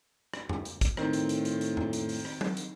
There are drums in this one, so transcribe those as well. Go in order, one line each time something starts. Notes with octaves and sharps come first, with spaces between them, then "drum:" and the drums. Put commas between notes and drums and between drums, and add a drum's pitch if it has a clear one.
drum: rim click
drum: tom F2
drum: hi-hat
drum: kick, hi-hat
A2 D#3 C4, drum: rim click
drum: hi-hat
drum: hi-hat
drum: hi-hat
drum: hi-hat
drum: tom F2
drum: hi-hat
drum: open hi-hat
drum: rim click
drum: tom F#3
drum: hi-hat